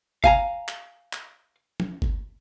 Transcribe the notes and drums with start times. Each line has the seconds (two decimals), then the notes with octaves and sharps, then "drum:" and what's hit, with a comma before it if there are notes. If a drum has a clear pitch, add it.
0.24 F5 G#5 A#5, drum: kick G1
0.68 drum: clap
1.13 drum: clap
1.80 drum: tom
2.02 drum: kick G1